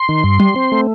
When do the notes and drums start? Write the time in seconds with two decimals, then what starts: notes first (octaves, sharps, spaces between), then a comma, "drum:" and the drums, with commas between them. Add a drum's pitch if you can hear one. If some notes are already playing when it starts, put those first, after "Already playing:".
Already playing: C6
0.09 D#3
0.24 G2
0.40 G3, drum: tom F#3
0.56 C4
0.72 A3